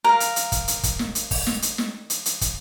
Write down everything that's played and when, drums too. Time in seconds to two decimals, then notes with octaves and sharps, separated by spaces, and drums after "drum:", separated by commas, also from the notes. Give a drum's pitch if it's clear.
0.04 A#4 F5
0.20 drum: hi-hat
0.36 drum: hi-hat
0.52 drum: kick, hi-hat
0.68 drum: hi-hat
0.83 drum: kick, hi-hat
0.99 drum: snare
1.15 drum: hi-hat
1.31 drum: kick, open hi-hat
1.47 drum: snare
1.62 drum: hi-hat
1.78 drum: snare
2.10 drum: hi-hat
2.26 drum: hi-hat
2.41 drum: kick, hi-hat